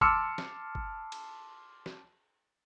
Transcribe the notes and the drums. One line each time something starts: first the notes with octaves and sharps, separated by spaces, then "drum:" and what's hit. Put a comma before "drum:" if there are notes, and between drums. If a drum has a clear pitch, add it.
A5 C6 D6 E6 F6 C#7, drum: kick
drum: snare
drum: kick
drum: cymbal
drum: snare